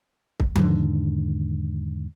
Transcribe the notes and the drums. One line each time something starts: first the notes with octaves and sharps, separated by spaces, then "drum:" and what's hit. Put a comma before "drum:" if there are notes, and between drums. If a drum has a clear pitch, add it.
drum: kick C2
E2 G#2 D3 D#3, drum: tom F3